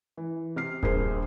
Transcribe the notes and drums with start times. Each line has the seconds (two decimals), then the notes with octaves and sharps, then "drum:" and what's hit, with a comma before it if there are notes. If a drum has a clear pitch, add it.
0.17 E3
0.56 C3 F6 C7
0.83 A#1 G2 G#4 A#4 C5 C7, drum: kick D#1